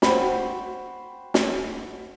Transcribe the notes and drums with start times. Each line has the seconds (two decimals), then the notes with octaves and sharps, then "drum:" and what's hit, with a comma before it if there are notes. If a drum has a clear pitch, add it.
0.02 F#4 C5 G5 B5, drum: snare
1.34 drum: snare